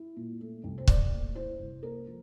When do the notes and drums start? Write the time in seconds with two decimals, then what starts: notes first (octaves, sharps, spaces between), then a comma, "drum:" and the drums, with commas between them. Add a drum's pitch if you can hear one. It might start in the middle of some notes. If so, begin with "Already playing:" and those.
Already playing: E4
0.16 A#2
0.41 A3
0.64 C2
0.78 C5
0.88 A3 D5, drum: kick C#1
1.12 A#2
1.35 E4 C5
1.59 C2
1.83 A#3 A#4
2.07 F3